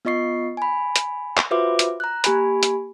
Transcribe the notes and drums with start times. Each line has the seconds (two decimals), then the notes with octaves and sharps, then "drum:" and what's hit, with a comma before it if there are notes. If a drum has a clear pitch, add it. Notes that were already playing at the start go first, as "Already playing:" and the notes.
0.05 B3 F4 D#5 C#6 C7
0.57 G#5 B5
0.96 drum: hi-hat
1.37 drum: clap
1.51 F4 F#4 B4 C5 E5 D6
1.79 drum: hi-hat
2.00 A#5 F#6
2.24 A#3 G4 G#5 B5, drum: hi-hat
2.63 drum: hi-hat